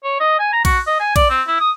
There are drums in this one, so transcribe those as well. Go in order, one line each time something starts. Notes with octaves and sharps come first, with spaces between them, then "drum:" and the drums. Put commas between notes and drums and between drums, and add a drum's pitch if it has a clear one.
C#5
D#5
G#5
A#5
F#4, drum: kick A#1, cymbal
D#5
G#5
D5, drum: kick A#1, cymbal
C4
E4
D#6